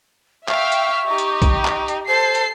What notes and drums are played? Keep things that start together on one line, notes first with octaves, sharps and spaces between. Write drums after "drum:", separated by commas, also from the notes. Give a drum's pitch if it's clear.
E5 F5 G5 C#6 F6, drum: clap
drum: hi-hat
D#4 G4
drum: hi-hat
drum: kick B1, hi-hat
drum: clap
drum: hi-hat
A4 C5 C7
drum: hi-hat